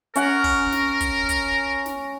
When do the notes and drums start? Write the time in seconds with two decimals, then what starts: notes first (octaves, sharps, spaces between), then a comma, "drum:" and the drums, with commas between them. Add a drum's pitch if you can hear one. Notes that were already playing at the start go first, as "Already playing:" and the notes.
0.16 C#4 A#4 F#5, drum: hi-hat
0.44 drum: kick, open hi-hat
0.72 drum: snare
1.01 drum: kick, hi-hat
1.29 drum: kick, hi-hat
1.86 drum: snare